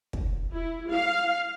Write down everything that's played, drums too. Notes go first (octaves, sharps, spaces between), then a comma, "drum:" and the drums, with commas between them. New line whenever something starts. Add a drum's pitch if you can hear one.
drum: kick
E4
F5